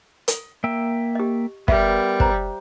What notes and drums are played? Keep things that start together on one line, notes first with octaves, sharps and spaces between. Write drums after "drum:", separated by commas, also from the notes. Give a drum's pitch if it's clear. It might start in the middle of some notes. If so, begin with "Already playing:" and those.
drum: hi-hat
A#3 E5 G5
G4 D#5
G3 B3 A#4 E5, drum: kick
C5 A#5, drum: kick